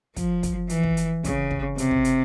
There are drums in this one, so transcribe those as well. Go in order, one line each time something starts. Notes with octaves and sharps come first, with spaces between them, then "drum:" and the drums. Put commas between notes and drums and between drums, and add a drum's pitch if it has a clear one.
F3, drum: kick, hi-hat
drum: kick, hi-hat
E3, drum: hi-hat
drum: kick
drum: hi-hat
C#3, drum: kick, hi-hat
drum: kick
C3, drum: hi-hat
drum: kick
drum: hi-hat